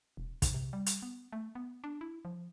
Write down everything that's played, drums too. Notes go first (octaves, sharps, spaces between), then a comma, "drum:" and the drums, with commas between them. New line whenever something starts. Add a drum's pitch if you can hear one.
E1
G#2, drum: kick, hi-hat
C3
G3
drum: hi-hat
B3
A3
B3
D4
E4
F3